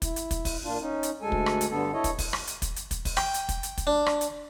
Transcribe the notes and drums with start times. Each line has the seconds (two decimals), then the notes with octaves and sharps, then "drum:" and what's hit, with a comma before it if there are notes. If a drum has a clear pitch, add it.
0.02 E4, drum: kick, hi-hat
0.16 drum: hi-hat
0.31 drum: kick, hi-hat
0.45 drum: kick, open hi-hat
0.64 A#2 D4 F4
0.81 C#4 D#4
1.03 drum: hi-hat
1.22 D2 G#3 A4 G#5
1.32 drum: kick
1.46 drum: rim click
1.61 drum: hi-hat
1.71 G2 D3 B3 A4
1.93 E4 A4 C#5 D#5
2.04 drum: kick, hi-hat
2.19 drum: kick, open hi-hat
2.33 drum: rim click
2.47 drum: hi-hat
2.62 drum: kick, hi-hat
2.76 drum: hi-hat
2.91 drum: kick, hi-hat
3.05 drum: kick, open hi-hat
3.17 G5, drum: rim click
3.34 drum: hi-hat
3.49 drum: kick, hi-hat
3.63 drum: hi-hat
3.78 drum: kick, hi-hat
3.87 D4
4.06 drum: rim click
4.21 drum: hi-hat